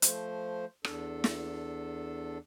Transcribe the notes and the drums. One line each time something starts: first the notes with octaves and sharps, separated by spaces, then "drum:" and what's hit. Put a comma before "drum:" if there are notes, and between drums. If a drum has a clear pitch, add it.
F3 A3 C5, drum: hi-hat
E2 D4 A4, drum: rim click
drum: snare